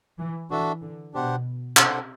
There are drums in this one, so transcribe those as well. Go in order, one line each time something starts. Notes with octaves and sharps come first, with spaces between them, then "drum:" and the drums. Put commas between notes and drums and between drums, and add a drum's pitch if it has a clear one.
E3
E3 D4 F#4 A4 E5
D3
B2 D4 G4 C5 F#5
C3 D4 A4 C5 F#5, drum: clap